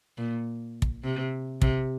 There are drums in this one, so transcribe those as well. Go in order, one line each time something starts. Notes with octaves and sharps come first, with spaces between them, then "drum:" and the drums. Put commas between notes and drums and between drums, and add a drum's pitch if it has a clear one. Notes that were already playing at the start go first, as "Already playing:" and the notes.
A#2
drum: kick
C3
C3, drum: kick